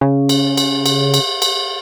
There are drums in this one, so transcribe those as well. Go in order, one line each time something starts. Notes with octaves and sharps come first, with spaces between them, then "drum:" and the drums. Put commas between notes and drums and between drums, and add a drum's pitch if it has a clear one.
C#3
drum: cymbal
drum: cymbal
drum: cymbal
drum: cymbal
drum: cymbal